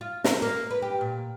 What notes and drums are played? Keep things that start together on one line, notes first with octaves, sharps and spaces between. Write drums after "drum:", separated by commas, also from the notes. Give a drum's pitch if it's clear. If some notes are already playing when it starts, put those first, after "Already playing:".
F4
A#4, drum: snare
A#3
B4
G4
A#2